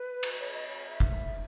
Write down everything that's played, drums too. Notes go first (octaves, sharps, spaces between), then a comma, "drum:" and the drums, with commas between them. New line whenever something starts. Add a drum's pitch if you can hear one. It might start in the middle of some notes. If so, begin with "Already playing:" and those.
Already playing: B4
drum: cymbal
C#5
D#5
C#5
E5
drum: kick